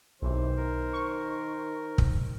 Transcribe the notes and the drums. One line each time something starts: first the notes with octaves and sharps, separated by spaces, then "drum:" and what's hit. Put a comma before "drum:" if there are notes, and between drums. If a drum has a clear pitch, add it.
B1 C3 D#3 E3 C5
A#4
C#6
drum: kick